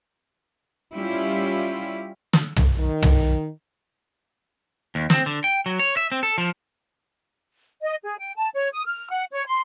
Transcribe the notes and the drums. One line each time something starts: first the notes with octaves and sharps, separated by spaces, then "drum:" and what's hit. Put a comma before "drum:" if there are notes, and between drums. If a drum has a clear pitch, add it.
G3 C#4 E4 F4 G4
drum: snare
drum: tom
D#3
drum: tom
D#2
C4, drum: snare
D3
G5
F#3
C#5
E5
C4
A4
F3
D#5
G#4
G5
A5
C#5
D#6
F6
F#5
C#5
C6